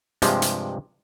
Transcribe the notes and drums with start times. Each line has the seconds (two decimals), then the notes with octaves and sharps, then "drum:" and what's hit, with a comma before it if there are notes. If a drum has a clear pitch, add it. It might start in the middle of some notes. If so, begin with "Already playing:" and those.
0.22 G2 C3 F3 G#3, drum: hi-hat
0.42 drum: hi-hat